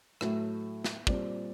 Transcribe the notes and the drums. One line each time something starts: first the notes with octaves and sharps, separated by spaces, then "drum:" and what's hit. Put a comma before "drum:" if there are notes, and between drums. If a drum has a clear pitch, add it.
A2 F#3 A3, drum: rim click
drum: snare
A#2 G3 C4 D5, drum: kick